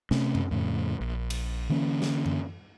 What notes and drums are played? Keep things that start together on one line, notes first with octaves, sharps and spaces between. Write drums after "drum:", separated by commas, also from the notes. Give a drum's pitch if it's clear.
C3 A3 C4 C#4, drum: snare
drum: tom F#2
F2 A2 C#3
A#1
drum: cymbal
D3 E3 A#3 C#4
drum: snare
drum: tom F#2